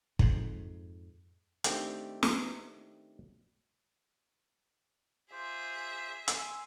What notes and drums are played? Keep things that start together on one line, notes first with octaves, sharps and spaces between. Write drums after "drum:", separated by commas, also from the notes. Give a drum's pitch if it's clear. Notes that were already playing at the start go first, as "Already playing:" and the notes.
F2 G#2, drum: kick
D#3 A3 C4 D4 G4, drum: hi-hat
drum: snare
F4 G#4 C5 E5 D6
G#5 C6 E6, drum: hi-hat